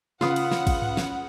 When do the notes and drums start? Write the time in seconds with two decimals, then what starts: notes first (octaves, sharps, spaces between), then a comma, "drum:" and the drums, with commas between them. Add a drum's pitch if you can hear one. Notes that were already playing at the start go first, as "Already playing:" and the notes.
0.21 C#3 F4 B4 F5 F#5 D#6, drum: snare
0.36 drum: cymbal
0.51 drum: snare
0.67 drum: kick, cymbal
0.82 drum: tom G#2
0.97 drum: snare